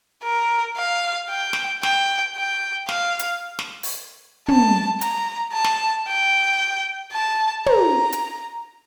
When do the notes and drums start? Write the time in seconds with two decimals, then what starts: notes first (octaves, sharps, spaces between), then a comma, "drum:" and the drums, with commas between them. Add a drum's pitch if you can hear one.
0.24 A#4
0.77 F5
1.30 G5
1.53 drum: snare
1.83 G5, drum: snare
2.36 G5
2.89 F5, drum: snare
3.19 drum: hi-hat
3.59 drum: snare
3.83 drum: open hi-hat
4.48 A5, drum: tom
5.01 A#5, drum: hi-hat
5.54 A5
5.64 drum: snare
6.07 G5
7.13 A5
7.66 A#5, drum: tom
8.12 drum: hi-hat